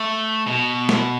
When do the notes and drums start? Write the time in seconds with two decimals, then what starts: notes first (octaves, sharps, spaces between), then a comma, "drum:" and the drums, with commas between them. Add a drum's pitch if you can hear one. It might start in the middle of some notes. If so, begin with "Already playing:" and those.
Already playing: A3
0.47 B2
0.89 drum: snare A3